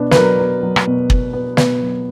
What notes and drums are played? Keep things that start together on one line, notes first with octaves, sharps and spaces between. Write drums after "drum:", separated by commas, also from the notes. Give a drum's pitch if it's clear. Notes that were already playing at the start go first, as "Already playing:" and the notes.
Already playing: B2 D4 B4
B4, drum: snare
F#3 A#4
B3
F#3
drum: rim click
B2
B2, drum: kick
B3
B2 B4, drum: snare
F#3